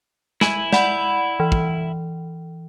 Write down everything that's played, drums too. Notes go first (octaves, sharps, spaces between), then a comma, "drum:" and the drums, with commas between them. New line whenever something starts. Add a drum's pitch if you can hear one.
E4 G#5, drum: snare
D5 F#5 B5, drum: snare
E3
drum: kick